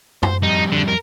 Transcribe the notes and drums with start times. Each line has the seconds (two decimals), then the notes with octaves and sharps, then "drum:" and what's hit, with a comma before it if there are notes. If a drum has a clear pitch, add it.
0.23 C5, drum: tom
0.43 F2 G3 D#4
0.72 D3
0.88 A#4